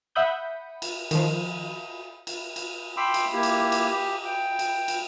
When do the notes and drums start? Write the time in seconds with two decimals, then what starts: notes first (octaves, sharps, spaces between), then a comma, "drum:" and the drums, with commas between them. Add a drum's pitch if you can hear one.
0.15 E5 F#5 B5 D#6 G6
0.82 drum: cymbal
1.11 D#3 F3, drum: cymbal
2.27 drum: cymbal
2.56 drum: cymbal
2.97 G5 B5 C6 D6 E6
3.14 drum: cymbal
3.33 A#3 E4 G4
3.43 drum: cymbal
3.72 drum: cymbal
3.89 G4
4.25 G5
4.59 drum: cymbal
4.88 drum: cymbal